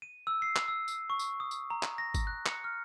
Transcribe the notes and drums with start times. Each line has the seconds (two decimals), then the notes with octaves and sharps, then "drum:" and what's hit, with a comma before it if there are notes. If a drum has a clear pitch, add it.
0.02 D#7
0.27 E6
0.42 C7
0.56 drum: clap
0.68 E6
0.88 drum: tambourine
1.10 C#6
1.19 drum: tambourine
1.40 D#6
1.51 drum: tambourine
1.70 A#5
1.83 drum: clap
1.98 A#6
2.14 drum: kick, tambourine
2.27 F#6
2.46 C#7, drum: clap
2.64 F6